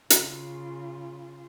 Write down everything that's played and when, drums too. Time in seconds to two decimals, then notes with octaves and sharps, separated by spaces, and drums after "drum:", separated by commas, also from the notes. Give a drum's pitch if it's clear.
0.10 C#3 F4, drum: hi-hat